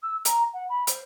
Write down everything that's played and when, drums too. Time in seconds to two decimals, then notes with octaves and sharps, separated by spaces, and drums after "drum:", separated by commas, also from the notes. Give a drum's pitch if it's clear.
0.02 E6
0.25 A#5, drum: hi-hat
0.53 F#5
0.69 B5
0.87 C5, drum: hi-hat